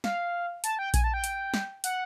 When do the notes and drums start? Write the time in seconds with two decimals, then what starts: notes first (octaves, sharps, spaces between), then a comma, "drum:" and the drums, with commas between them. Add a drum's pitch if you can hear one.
0.04 F5, drum: snare
0.64 A5, drum: hi-hat
0.79 G5
0.94 G#5, drum: kick A#1, hi-hat
1.04 A5
1.14 G5
1.24 drum: hi-hat
1.54 drum: snare
1.84 F#5, drum: hi-hat